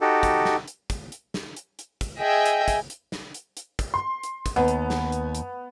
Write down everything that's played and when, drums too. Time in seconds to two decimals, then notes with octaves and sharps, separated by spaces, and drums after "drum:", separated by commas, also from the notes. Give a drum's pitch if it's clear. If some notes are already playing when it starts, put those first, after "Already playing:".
0.01 D#4 F#4 G4 A4
0.23 drum: kick, hi-hat
0.45 drum: snare
0.68 drum: hi-hat
0.90 drum: kick, hi-hat
1.12 drum: hi-hat
1.34 drum: snare
1.56 drum: hi-hat
1.79 drum: hi-hat
2.01 drum: kick, hi-hat
2.20 G#4 D#5 E5 G5 G#5
2.45 drum: hi-hat
2.68 drum: kick, hi-hat
2.90 drum: hi-hat
3.12 drum: snare
3.34 drum: hi-hat
3.57 drum: hi-hat
3.79 drum: kick, hi-hat
3.94 C6
4.23 drum: hi-hat
4.46 drum: kick, hi-hat
4.56 D#2 B3
4.68 drum: hi-hat
4.90 drum: snare
5.12 drum: hi-hat
5.35 drum: hi-hat